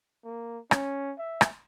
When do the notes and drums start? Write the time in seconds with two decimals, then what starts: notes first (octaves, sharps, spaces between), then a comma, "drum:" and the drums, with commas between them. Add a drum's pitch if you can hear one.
0.25 A#3
0.71 C#4, drum: rim click
1.18 E5
1.41 drum: rim click